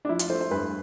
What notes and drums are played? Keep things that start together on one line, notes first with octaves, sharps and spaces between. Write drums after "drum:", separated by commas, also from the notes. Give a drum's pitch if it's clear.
D4
F3 E4
F4, drum: hi-hat
A3 C5
C5
G2 B4